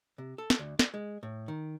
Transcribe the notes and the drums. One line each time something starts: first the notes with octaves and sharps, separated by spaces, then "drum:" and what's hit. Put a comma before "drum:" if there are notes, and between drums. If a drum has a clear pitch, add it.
C3
A4
drum: snare
D2
D5, drum: snare
G#3
A2
D#3